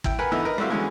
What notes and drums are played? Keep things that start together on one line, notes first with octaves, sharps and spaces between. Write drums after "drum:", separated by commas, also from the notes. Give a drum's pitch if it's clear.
E4 G5, drum: kick
A#4 B4 F#5 G#5 B5
D3 E3 B3 D#4 E4
A#4 B4 D#5
G3 A3 C4 E4 F#4 F5
D3 E3 F#3 G#3 B3 C#4